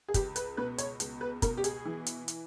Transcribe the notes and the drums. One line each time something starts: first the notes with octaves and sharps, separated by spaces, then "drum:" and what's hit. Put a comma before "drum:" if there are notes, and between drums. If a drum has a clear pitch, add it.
G#4
C#2 G4, drum: kick, hi-hat
B4, drum: hi-hat
B2 B4
C#5, drum: hi-hat
C#2, drum: hi-hat
B4
B2 A#4, drum: kick, hi-hat
G4
G#4, drum: hi-hat
E3
drum: hi-hat
drum: hi-hat